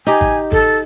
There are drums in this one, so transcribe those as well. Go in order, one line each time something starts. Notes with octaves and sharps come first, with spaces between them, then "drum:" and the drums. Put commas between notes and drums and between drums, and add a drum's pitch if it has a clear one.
D#4 G4 G#5
drum: kick G#1
A4, drum: kick G#1